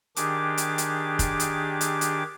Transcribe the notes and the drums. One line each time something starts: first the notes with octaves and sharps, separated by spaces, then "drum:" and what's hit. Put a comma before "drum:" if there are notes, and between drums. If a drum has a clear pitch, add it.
D#3 D4 G4 G#4 D6, drum: hi-hat
drum: hi-hat
drum: hi-hat
drum: kick, hi-hat
drum: hi-hat
drum: hi-hat
drum: hi-hat